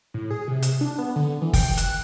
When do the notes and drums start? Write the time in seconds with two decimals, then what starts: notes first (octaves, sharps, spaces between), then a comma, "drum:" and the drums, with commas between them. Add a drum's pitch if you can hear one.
0.14 A2
0.30 G#4
0.48 C3
0.63 drum: hi-hat
0.81 D4
0.98 B3
1.16 D3
1.42 E3
1.53 G5, drum: kick, open hi-hat
1.78 F#6, drum: hi-hat